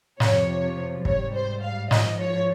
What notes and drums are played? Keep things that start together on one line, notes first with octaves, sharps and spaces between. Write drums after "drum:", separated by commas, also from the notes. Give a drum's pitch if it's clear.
F2 C3 F3 C#5, drum: snare
G#2 G3 C#5, drum: kick
C5
F5
G#2 F3 D#5, drum: snare
C#5